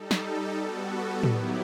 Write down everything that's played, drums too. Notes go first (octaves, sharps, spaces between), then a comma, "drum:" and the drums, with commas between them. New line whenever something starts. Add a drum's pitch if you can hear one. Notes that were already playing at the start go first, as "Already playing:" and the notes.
Already playing: G3 D#4 A4
drum: snare
G3 B3 F#4 A4
D#3 F#3 B3 E4 G4, drum: tom A2